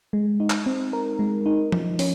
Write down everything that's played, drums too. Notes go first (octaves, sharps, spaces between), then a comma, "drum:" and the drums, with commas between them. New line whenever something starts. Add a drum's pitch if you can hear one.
G#3
D#4
drum: clap
C4
A#4
G#3
D#4
F3, drum: tom F3
C#4, drum: open hi-hat